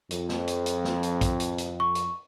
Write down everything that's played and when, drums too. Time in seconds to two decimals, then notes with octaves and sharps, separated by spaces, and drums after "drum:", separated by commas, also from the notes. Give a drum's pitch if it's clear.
0.11 F2, drum: hi-hat
0.29 drum: snare
0.48 drum: hi-hat
0.66 drum: hi-hat
0.84 drum: snare
1.03 drum: hi-hat
1.21 drum: kick, hi-hat
1.40 drum: hi-hat
1.58 drum: hi-hat
1.80 C#6
1.95 drum: hi-hat